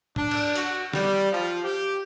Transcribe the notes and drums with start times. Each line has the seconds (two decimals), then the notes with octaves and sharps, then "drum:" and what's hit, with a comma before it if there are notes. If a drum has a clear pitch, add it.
0.16 D4, drum: tom
0.31 drum: cymbal
0.55 F#4, drum: hi-hat
0.93 G3, drum: snare
1.32 F3
1.64 G4